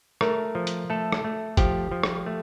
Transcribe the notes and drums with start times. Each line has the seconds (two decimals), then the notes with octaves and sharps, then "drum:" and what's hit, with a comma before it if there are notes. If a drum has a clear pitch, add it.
0.21 A3 A#4, drum: rim click
0.55 F3
0.67 drum: hi-hat
0.90 A3 A4
1.12 drum: rim click
1.24 A3
1.57 F3 G4, drum: kick, hi-hat
1.92 F3
2.03 drum: rim click
2.26 A3